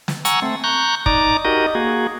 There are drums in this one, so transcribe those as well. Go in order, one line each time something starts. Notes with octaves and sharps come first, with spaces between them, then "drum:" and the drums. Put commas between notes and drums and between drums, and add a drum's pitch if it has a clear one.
drum: snare
F#5 G#5 A#5 C#6 E6, drum: hi-hat
A3 C4
A#5 C#6 F#6 G6
D#4 D5 A#5 D6, drum: kick
D#4 F#4 G4 A#4 D#5
A#3 F#4 G#4